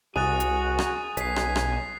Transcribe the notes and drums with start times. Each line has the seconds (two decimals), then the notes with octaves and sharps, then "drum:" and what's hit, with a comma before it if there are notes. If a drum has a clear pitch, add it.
0.16 C2 F#4 G#4 D#6 F#6 A6
0.40 drum: hi-hat
0.79 drum: rim click
1.17 B1 G#5 B6 C7, drum: hi-hat
1.36 drum: rim click
1.56 drum: rim click